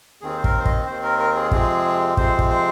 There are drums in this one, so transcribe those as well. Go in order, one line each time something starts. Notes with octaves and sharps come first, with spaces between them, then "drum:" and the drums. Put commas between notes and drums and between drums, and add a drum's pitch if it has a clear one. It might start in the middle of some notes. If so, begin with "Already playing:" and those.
D#2 D#3 C4 G#4
C5
A#4, drum: kick
C5
D#5, drum: kick
D#2 D#3 C4 C5
A#4
A#4
G#4
F2 C3 F3 G#3 C4 G#4, drum: kick
F2 C3 F3 G#3 C4 C5, drum: kick
drum: kick
C5